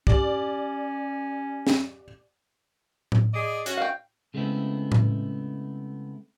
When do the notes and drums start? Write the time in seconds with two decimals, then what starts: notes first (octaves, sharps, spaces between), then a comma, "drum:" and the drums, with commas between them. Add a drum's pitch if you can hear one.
0.07 C#4 G4 D5, drum: kick
1.67 drum: snare
3.12 drum: tom A2
3.34 G#4 D5 D#5
3.66 C#4 F#4, drum: hi-hat
3.77 F5 G5
4.34 C#3 G#3 A3 B3 C4 E4
4.92 drum: tom A2